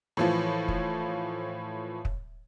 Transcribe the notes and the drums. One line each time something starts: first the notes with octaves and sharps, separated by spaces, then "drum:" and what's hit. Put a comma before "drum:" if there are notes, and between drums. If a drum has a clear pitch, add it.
A2 E3 F3
drum: kick
drum: kick